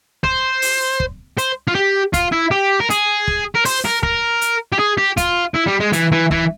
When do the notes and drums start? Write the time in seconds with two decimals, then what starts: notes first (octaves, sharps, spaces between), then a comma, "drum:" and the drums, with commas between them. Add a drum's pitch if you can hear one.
0.24 C5, drum: kick
0.62 drum: open hi-hat
1.00 drum: kick
1.38 C5, drum: hi-hat
1.67 F4
1.75 G4
2.14 F4, drum: kick, hi-hat
2.32 E4
2.51 G4
2.80 A#4
2.90 G#4, drum: hi-hat
3.28 drum: kick
3.55 A#4
3.65 C5, drum: open hi-hat
3.85 A#4
4.03 A#4, drum: kick
4.41 drum: hi-hat
4.73 G4
4.79 G#4
4.98 G4
5.17 F4, drum: kick, hi-hat
5.55 E4
5.68 G3
5.81 G#3
5.93 E3, drum: hi-hat
6.12 E3
6.31 E3, drum: kick